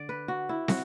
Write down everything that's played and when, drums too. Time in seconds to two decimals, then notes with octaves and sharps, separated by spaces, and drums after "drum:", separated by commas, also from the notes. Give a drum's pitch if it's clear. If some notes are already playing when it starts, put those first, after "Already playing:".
Already playing: D3 D5
0.09 B4
0.28 F#4
0.49 E4
0.68 F#4, drum: snare